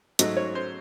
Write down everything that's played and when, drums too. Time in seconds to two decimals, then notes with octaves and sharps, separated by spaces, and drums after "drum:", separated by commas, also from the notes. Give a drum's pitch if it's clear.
0.19 G#2 F#3 A3 D#5, drum: hi-hat
0.37 C#5
0.55 C5